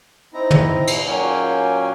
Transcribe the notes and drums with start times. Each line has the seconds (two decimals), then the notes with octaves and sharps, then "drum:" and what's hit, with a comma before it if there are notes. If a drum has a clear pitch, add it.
0.34 C4 D#4 E4 A#5
0.50 drum: tom
0.87 drum: cymbal
1.06 A#2 F#3 A#3 C#4 G5 G#5